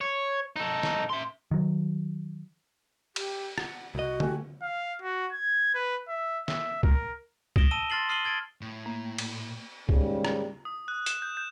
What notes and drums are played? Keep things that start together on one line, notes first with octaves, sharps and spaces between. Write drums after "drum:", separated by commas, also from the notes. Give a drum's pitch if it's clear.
C#5
D#4 A4
drum: snare
E5 C6
D#3 F#3
G4, drum: cymbal
F#5, drum: rim click
C2 F#4 D#5
A3 G4 G#5, drum: tom D3
F5
F#4
G#6
B4
E5
E5, drum: snare
A#4, drum: kick B1
D#6 A#6 D7 E7 G7, drum: kick B1
A5 E6 D#7 G7
C6 F6 A6 C7 F#7
D#6 F6 C7 D#7 F#7 G7
F6 G#6 A6 D7
A2
A#3
drum: cymbal
D#2 G#2 C#3 G3, drum: kick B1
drum: rim click
D#6
F#6
E7, drum: hi-hat
G6
G6